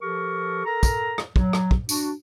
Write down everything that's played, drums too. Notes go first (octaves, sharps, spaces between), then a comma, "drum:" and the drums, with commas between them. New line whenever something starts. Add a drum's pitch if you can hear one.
F3 G4 A4 A#4 C#6
A4 A#4 A#5
drum: kick, tambourine
drum: rim click
F#3, drum: kick
drum: rim click
drum: kick
D4 F#4, drum: tambourine